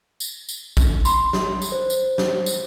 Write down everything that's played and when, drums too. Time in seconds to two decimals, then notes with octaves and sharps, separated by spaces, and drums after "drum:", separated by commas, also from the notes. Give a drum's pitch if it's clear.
0.20 drum: tambourine
0.49 drum: tambourine
0.77 drum: kick A1, tambourine
1.05 B5 C6, drum: tambourine
1.33 drum: snare
1.62 drum: tambourine
1.72 C5
1.90 drum: tambourine
2.18 drum: snare
2.46 drum: tambourine